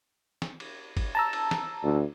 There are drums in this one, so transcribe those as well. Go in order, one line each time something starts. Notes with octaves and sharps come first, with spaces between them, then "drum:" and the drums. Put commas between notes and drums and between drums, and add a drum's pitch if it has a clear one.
drum: snare
drum: cymbal
drum: kick, cymbal
A5 A#5 E6
drum: cymbal
drum: snare
D2